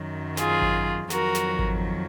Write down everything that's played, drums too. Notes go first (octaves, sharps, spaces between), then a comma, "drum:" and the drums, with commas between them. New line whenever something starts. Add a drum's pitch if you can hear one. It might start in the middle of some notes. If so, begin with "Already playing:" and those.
Already playing: F#2 D#3 F#3
F4 G#4, drum: snare
drum: kick G#1
F2 D#3 F#3 F#4 A#4, drum: snare
drum: snare
drum: kick G#1